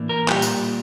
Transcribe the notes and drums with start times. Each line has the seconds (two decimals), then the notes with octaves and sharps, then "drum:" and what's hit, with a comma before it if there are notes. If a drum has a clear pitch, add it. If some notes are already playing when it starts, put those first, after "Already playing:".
Already playing: A2 E3 A#3 D4
0.09 A#4
0.28 A#2 G3 G4, drum: clap
0.42 drum: tambourine